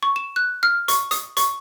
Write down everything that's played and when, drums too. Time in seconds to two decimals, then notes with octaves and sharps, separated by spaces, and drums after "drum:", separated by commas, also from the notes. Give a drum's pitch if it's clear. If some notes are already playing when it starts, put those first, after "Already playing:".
0.03 C#6
0.16 E7
0.36 F#6
0.63 F6
0.88 C#6, drum: hi-hat
1.11 D#6, drum: hi-hat
1.37 C#6, drum: hi-hat